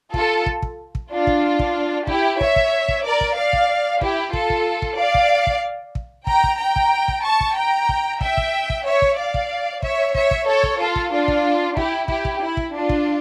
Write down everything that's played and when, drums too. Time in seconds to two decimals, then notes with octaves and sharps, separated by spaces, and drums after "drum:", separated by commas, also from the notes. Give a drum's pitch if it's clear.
0.14 F4 A4, drum: kick
0.46 drum: kick
0.62 drum: kick
0.95 drum: kick
1.12 D4 F4
1.27 drum: kick
1.59 drum: kick
2.07 E4 G4, drum: kick
2.41 C#5 E5, drum: kick
2.56 drum: kick
2.88 drum: kick
3.04 A#4 D5
3.21 drum: kick
3.36 D5 F5
3.53 drum: kick
4.01 E4 G4, drum: kick
4.33 F4 A4, drum: kick
4.50 drum: kick
4.82 drum: kick
4.98 D5 F5
5.14 drum: kick
5.47 drum: kick
5.95 drum: kick
6.27 G5 A#5, drum: kick
6.44 drum: kick
6.60 G5 A#5
6.76 drum: kick
7.08 drum: kick
7.24 A5 C#6
7.41 drum: kick
7.56 G5 A#5
7.89 drum: kick
8.21 E5 G5, drum: kick
8.37 drum: kick
8.70 drum: kick
8.85 C#5 E5
9.02 drum: kick
9.18 D5 F5
9.34 drum: kick
9.83 C#5 E5, drum: kick
10.15 C#5 E5, drum: kick
10.31 drum: kick
10.47 A4 C#5
10.63 drum: kick
10.80 F4 A4
10.96 drum: kick
11.11 D4 F4
11.28 drum: kick
11.77 E4 G4, drum: kick
12.08 E4 G4, drum: kick
12.25 drum: kick
12.40 E4
12.57 drum: kick
12.73 D4 F4
12.89 drum: kick